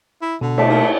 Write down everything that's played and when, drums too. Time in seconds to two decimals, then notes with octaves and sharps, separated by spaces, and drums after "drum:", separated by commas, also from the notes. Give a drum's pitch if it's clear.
0.22 E4
0.41 B2 D3
0.58 A3, drum: cymbal
0.70 A#3